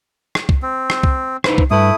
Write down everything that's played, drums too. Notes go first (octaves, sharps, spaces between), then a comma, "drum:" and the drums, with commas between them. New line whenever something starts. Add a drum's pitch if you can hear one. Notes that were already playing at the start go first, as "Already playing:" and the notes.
drum: rim click
drum: kick C2
C4
drum: rim click
drum: kick C2
D#4 B4 C5, drum: rim click
drum: kick C2
G2 A3 E4 B4 D#6